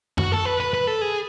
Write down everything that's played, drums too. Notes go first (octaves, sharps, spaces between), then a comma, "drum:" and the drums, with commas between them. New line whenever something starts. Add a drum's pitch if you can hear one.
F#4, drum: tom F#2
A4
B4
B4
B4
A4
G#4